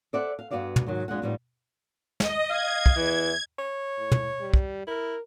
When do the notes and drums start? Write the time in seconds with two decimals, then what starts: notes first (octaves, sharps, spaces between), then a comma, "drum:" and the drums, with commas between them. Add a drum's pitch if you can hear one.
0.13 A4 C5 D5 E5 F#5
0.39 F5
0.51 G2 C3 B3 F#4 D5 F5
0.76 drum: tom
0.86 G#2 D#3 F#3
1.08 F2 G#3 D4 F#5
1.22 A2 F3 G3 B3 D#4
2.20 D#5, drum: snare
2.49 D#5 F5 G#6
2.86 drum: kick
2.97 E2 E3
3.59 C#5
3.97 A2
4.12 drum: tom
4.40 G3
4.54 drum: kick
4.87 E4 A#4